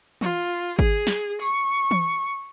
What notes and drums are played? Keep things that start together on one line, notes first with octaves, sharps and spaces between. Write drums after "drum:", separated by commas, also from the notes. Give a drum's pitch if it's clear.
F4, drum: tom E3
G#4, drum: kick G#1
drum: snare
C#6, drum: tambourine
drum: tom E3